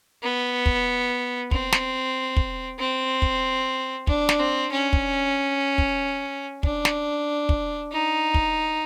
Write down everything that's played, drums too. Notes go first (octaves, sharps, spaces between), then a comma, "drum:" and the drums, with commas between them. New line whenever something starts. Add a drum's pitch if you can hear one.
B3
drum: kick
C4, drum: kick
drum: snare
drum: kick
C4
drum: kick
D4, drum: kick
drum: snare
C4
C#4
drum: kick
drum: kick
D4, drum: kick
drum: snare
drum: kick
D#4
drum: kick